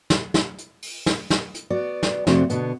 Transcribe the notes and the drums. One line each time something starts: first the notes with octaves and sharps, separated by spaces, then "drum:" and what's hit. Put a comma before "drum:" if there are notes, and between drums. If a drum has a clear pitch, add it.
drum: snare
drum: snare
drum: hi-hat
drum: open hi-hat
drum: snare
drum: snare
drum: hi-hat
B3 F#4 D5
drum: snare
F2 C3 A3 C4 F#4 D5, drum: snare
B2 D3 B3, drum: hi-hat